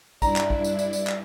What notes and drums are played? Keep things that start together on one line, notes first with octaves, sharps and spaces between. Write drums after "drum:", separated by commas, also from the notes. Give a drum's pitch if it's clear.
G2 D4 E4 D5 A#5, drum: kick, tambourine
drum: clap
drum: kick
drum: tambourine
drum: tambourine
drum: tambourine
drum: clap